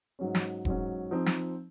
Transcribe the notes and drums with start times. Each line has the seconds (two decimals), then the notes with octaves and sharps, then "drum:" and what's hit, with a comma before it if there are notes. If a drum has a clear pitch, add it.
0.19 G#2 F#3 C#4
0.35 drum: snare
0.65 G#2 F#3 C#4, drum: kick E1
1.11 F3 C4 D#4
1.26 drum: snare